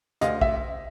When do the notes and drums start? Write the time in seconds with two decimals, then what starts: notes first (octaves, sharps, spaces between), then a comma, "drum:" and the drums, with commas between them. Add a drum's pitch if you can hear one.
0.21 D2 D#5 F5, drum: hi-hat
0.41 E5, drum: kick